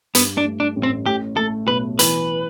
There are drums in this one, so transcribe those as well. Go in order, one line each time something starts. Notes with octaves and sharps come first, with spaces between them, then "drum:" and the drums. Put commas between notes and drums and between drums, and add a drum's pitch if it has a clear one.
G2 B3, drum: hi-hat
D4
A3
D4
A1
C4
A2 G4
A3 A4
B1 B4
E3 B4, drum: hi-hat